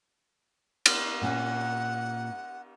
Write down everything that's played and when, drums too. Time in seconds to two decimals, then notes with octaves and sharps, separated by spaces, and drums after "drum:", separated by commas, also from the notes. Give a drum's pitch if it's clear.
0.86 drum: cymbal
1.22 A#2 C#4 F#5